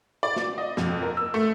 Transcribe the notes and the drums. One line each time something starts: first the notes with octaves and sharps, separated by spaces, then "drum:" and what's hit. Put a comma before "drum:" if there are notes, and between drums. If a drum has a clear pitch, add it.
D5
drum: snare
D#5
F2, drum: snare
A#4
E6
A3